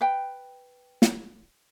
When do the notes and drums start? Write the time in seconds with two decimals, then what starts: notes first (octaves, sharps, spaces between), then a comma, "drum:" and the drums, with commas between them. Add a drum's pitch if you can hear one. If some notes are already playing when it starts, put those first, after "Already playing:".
0.01 B4 G5
1.02 drum: snare